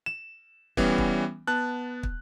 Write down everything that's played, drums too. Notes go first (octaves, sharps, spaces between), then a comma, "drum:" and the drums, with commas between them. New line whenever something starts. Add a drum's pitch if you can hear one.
E7
E3 G3 B3 C#4, drum: kick
drum: kick
B3 A5 F#6
drum: kick